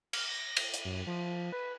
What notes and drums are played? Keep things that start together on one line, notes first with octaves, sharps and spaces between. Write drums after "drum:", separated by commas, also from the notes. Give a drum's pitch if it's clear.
F6, drum: cymbal
A#6
drum: cymbal
drum: hi-hat
F#2
F3
B4